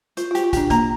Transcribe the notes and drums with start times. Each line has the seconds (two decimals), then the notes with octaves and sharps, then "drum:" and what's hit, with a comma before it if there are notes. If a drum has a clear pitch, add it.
0.17 F4 C5, drum: hi-hat
0.31 F4
0.35 G4, drum: hi-hat
0.44 F4
0.53 D4 G4, drum: kick, hi-hat
0.70 A#3 A#5, drum: kick, hi-hat